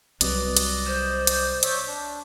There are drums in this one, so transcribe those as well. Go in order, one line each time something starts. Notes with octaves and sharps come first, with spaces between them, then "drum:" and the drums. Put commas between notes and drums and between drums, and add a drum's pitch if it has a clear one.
C2 C3 F#3 B4 D5 D#5, drum: hi-hat
drum: hi-hat
C5
drum: hi-hat
C#5 D5 E5, drum: hi-hat
D4